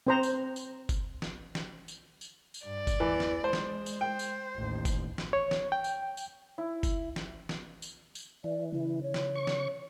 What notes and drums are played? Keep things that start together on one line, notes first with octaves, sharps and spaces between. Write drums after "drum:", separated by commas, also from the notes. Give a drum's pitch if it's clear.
C4 C5 A#5
drum: tambourine
drum: tambourine
drum: kick F#1, tambourine
drum: snare
drum: snare
drum: tambourine
drum: tambourine
drum: tambourine
G2 D5
drum: kick F#1, tambourine
E2 E3
drum: snare
G#3 C5
drum: snare
drum: tambourine
C5 G5
drum: tambourine
A1 D#2
drum: kick F#1, tambourine
drum: snare
C#5
drum: snare
G5
drum: tambourine
drum: tambourine
E4
drum: kick F#1, tambourine
drum: snare
drum: snare
drum: tambourine
drum: tambourine
E3 D5
C#3 E4
C#5
drum: snare
C#6
drum: snare